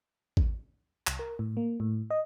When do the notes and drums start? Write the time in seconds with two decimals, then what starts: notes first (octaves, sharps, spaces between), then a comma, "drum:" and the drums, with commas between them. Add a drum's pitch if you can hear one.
0.37 drum: kick
1.07 C2, drum: clap
1.19 A#4
1.39 A2
1.57 A#3
1.80 A2
2.10 D#5